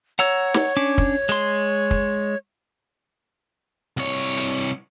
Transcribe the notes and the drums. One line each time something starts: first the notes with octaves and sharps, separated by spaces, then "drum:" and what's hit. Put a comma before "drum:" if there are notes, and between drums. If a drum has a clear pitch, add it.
C#5 F#5 A#5 E6, drum: hi-hat
drum: snare
C#4 D4 D6
drum: kick
G#3 C6, drum: hi-hat
drum: kick
C2 C#5
drum: hi-hat